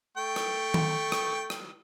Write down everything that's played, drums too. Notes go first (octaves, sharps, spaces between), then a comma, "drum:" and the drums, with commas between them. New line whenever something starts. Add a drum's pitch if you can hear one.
A3 G5 C#6
drum: rim click
drum: tom D#3
drum: rim click
drum: rim click